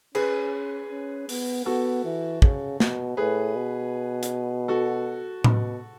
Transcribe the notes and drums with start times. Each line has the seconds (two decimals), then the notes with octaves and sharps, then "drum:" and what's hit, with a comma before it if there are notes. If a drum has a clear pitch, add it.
0.15 C#4 G#4 B4, drum: cymbal
0.91 C#4
1.29 B3, drum: open hi-hat
1.66 B3 F#4 A4
2.05 E3
2.42 C#3, drum: kick
2.80 B2, drum: snare
3.17 A2 G#4 B4
3.56 B2
4.23 drum: hi-hat
4.68 F#4 A4
5.44 B2, drum: tom A2